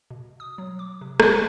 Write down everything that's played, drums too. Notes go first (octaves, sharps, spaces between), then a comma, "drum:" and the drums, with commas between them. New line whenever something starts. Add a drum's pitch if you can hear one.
B2
D#6
F#3
D6
C3
G#3, drum: rim click